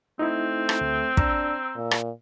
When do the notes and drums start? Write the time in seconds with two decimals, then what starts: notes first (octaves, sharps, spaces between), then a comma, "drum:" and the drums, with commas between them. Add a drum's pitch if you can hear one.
0.19 A3 C4 D#4 E4
0.69 drum: rim click
0.81 D2
1.17 D4 A#5 E6, drum: kick
1.76 A#2
1.91 drum: rim click